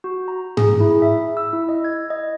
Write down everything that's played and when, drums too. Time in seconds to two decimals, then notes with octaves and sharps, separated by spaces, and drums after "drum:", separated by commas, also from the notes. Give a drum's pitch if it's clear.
0.04 F#4
0.28 A#5
0.57 G#4, drum: tom G#2
0.80 E4
1.02 E5
1.37 E6
1.53 E4
1.69 D#5
1.84 G#6
2.10 D#5